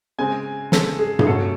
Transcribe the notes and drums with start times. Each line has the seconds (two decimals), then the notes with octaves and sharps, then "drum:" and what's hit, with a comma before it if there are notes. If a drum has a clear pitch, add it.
0.18 C#3 G#3 C4 G#5
0.72 C#3 G#3 C4 A4, drum: snare
0.99 G#4
1.19 G#4, drum: tom G2
1.26 C3 F#3 A3 C#4 A4